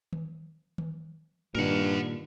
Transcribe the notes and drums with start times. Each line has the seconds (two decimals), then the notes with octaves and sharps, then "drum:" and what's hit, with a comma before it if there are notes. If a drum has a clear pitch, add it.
0.13 drum: tom D#3
0.78 drum: tom D#3
1.55 G2 A#2 D#3 A#4 F#5